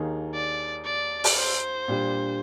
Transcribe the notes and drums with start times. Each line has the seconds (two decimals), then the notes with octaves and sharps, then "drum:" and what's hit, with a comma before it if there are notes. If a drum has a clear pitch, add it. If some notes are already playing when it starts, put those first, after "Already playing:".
Already playing: D#2 D#3 A#3 D#4 G#4
0.34 D5
0.85 D5
1.24 drum: open hi-hat
1.37 C5
1.88 A#2 G3 D4 G4